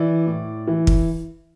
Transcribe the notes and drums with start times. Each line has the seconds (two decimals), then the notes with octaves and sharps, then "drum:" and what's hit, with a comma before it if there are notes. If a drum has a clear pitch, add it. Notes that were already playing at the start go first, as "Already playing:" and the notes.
Already playing: E3 D5
0.27 A2
0.67 E3
0.87 drum: kick